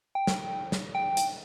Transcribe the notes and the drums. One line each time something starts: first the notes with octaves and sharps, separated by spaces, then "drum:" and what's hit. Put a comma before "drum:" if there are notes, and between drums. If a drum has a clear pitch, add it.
G5
drum: snare
drum: snare
G5
drum: hi-hat